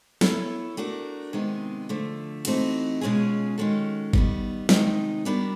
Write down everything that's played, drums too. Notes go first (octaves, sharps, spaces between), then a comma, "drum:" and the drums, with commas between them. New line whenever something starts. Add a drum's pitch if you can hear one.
B3 E4 A4 C#5, drum: snare
A3 D4 F#4 A#4
C3 D#3 G#3 B3
D3 F3 A3
E3 A3 C4 D#4 F#4, drum: cymbal
B2 G#3 C#4 F4 G#4
D#3 G#3 C#4 F#4 A4
D#3 G3 B3, drum: kick G1
C3 D#3 G#3 B3 D#4, drum: snare
G3 B3 D4 F#4 A#4